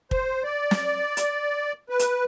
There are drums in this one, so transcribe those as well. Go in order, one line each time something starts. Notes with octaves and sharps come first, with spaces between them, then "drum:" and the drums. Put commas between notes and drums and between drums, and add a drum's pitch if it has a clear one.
C5, drum: kick
D5
drum: snare
drum: hi-hat
B4
drum: hi-hat